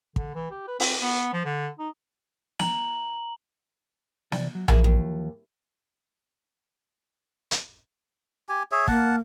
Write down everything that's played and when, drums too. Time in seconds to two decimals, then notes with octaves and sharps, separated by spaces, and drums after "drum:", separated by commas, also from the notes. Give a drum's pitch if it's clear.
0.16 D3, drum: kick
0.35 E3
0.51 G4
0.68 B4
0.80 C4, drum: open hi-hat
1.01 B3
1.33 F3
1.45 D3
1.79 D#4
2.59 A#5 F#7, drum: snare
4.32 C3 E3 D5, drum: snare
4.55 F#3
4.68 E3 F3 A#3 E4 G#4, drum: tom A#1
4.84 D#2
7.51 drum: hi-hat
8.49 G4 G#5
8.72 G#4 C#5 E5
8.88 A#3 F#5 A5, drum: kick